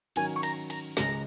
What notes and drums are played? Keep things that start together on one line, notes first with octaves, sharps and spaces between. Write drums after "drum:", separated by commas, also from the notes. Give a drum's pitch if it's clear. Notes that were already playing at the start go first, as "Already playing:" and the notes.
D#3 F#3 C#4 A#4 G#5, drum: cymbal
C#6
A#5, drum: cymbal
A#5, drum: cymbal
C#2 C#3 G#3 A#5, drum: snare